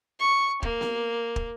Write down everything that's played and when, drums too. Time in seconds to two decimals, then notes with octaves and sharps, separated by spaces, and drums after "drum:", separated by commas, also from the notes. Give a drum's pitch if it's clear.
0.20 C#6
0.63 A#3, drum: kick
0.81 drum: snare B3
1.36 drum: kick